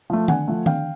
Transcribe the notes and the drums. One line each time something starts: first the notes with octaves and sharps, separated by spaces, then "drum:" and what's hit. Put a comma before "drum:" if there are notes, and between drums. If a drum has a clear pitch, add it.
F3 A3
D3 F#5 G#5, drum: tom D#3
F3 A3
D3 F5 G5, drum: tom D#3